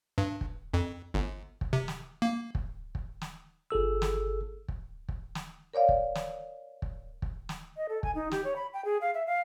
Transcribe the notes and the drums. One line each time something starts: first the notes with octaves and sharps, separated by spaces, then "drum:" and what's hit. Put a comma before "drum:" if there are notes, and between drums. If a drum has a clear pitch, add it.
G2
drum: kick
F2
G1
drum: kick
C3
drum: snare
A#3
drum: kick
drum: kick
drum: snare
G1 G#4 A4 E6
drum: snare
drum: kick
drum: kick
drum: snare
A#4 C#5 D5 F5
drum: kick
drum: snare
drum: kick
drum: kick
drum: snare
D#5
A4
G#5, drum: kick
D#4
G4, drum: snare
C#5
B5
G5
G#4
F5
E5
F5